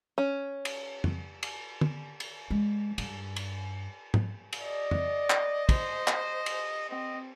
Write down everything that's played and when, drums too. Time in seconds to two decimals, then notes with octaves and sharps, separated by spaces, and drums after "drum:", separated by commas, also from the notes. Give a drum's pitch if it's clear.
0.18 C#4
0.65 drum: cymbal
1.04 drum: tom F2
1.43 drum: cymbal
1.81 drum: tom
2.20 drum: cymbal
2.51 G#3
2.98 G2, drum: cymbal
3.36 drum: cymbal
4.14 drum: tom G#2
4.53 drum: cymbal
4.62 D5 D#5
4.91 drum: tom F2
5.30 drum: clap
5.69 C5, drum: kick, cymbal
6.08 drum: clap
6.46 drum: cymbal
6.90 C4 D#5